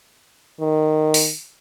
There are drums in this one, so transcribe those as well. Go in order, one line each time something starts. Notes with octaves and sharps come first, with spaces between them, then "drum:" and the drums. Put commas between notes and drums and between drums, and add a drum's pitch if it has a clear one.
D#3
drum: open hi-hat